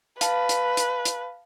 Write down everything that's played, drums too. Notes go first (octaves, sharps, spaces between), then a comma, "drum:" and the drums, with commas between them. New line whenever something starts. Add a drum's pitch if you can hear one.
B4 F5 A5, drum: hi-hat
drum: hi-hat
drum: hi-hat
drum: hi-hat